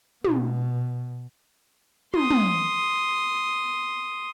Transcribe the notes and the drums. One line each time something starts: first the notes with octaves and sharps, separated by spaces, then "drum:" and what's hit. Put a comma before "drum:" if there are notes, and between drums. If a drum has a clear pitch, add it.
B2, drum: tom
C6 D#6, drum: tom
drum: tom